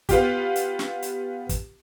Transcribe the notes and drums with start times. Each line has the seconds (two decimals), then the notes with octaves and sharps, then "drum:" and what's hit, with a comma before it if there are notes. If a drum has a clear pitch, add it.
0.09 B3 F4 G4, drum: kick, hi-hat
0.56 drum: hi-hat
0.79 drum: snare
1.02 drum: hi-hat
1.49 drum: kick, hi-hat